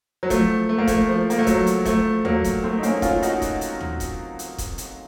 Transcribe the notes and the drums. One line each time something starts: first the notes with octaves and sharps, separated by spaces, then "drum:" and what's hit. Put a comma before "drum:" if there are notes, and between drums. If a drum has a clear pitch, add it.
F#3
F3 A3, drum: kick E1, hi-hat
A3
A#3
F3 A3, drum: kick E1, hi-hat
F3
A#3, drum: hi-hat
A3
F#3, drum: kick E1, hi-hat
drum: hi-hat
F3 A3, drum: kick E1, hi-hat
F#3 A#3, drum: tom D2
drum: kick E1, hi-hat
A3 C4
D#4
A#3 C#4, drum: hi-hat
C#4 F4, drum: kick E1, hi-hat
D#4 F#4, drum: hi-hat
drum: kick E1, hi-hat
drum: hi-hat
drum: tom D2
drum: kick E1, hi-hat
drum: hi-hat
drum: kick E1, hi-hat
drum: hi-hat